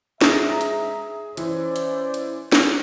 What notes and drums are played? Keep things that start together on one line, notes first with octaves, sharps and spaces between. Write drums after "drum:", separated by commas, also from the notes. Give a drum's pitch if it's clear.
G#2 G#4 E5 A#5 A#6, drum: snare
drum: hi-hat
E3 C#4 C5 D5, drum: hi-hat
drum: hi-hat
drum: hi-hat
drum: snare